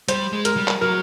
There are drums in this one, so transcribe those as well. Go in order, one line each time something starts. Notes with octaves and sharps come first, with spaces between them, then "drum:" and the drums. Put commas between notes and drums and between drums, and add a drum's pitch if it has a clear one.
G3 C5, drum: hi-hat
G#3
A#4, drum: hi-hat
G3
drum: clap
F#3 A#4